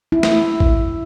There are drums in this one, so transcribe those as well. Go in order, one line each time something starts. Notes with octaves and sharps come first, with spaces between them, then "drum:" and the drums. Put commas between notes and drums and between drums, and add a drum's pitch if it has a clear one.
E4
drum: snare
drum: kick A1